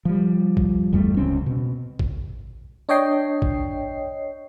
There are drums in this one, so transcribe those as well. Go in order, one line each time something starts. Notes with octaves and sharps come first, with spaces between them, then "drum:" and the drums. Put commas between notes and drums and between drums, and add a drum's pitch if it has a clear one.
F3 G3
drum: kick A1
G1 E2 G3 A3
D1 C#2 C4 C#4
B2
drum: kick A1
D4 C#5 D#5 G5 C7
drum: kick A1